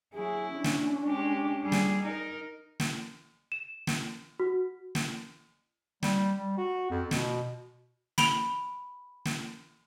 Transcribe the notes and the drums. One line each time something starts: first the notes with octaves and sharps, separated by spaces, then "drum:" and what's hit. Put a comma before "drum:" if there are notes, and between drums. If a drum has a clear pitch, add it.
F#3 E4 G#4
C#4 D4
drum: snare
G#3 G4
G3 G#4
drum: snare
D#4 A#4
drum: snare
E7
drum: snare
F#4
drum: snare
G3, drum: snare
G3
F#4
F2
B2, drum: snare
B5 D7 F7 G7, drum: snare
drum: snare